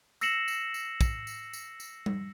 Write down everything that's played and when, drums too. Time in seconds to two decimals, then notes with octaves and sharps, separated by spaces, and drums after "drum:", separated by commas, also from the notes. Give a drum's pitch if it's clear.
0.21 E6 A#6 C7 C#7 E7 F#7, drum: tambourine
0.48 drum: tambourine
0.74 drum: tambourine
1.01 drum: kick, tambourine
1.27 drum: tambourine
1.53 drum: tambourine
1.80 drum: tambourine
2.06 drum: tom G3